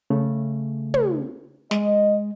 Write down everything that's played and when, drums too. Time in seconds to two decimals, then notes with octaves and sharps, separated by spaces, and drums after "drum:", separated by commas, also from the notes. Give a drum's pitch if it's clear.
0.10 C#3 A3
0.94 drum: tom
1.71 G#3 D#5, drum: snare